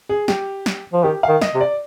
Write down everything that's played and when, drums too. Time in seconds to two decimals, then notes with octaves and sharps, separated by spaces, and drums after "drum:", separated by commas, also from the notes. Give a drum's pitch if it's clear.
0.09 G#4
0.28 G4, drum: snare
0.66 drum: snare
0.93 F3
1.03 D#3 G4
1.23 F5
1.29 D#3
1.41 D#5, drum: snare
1.55 C3
1.60 D5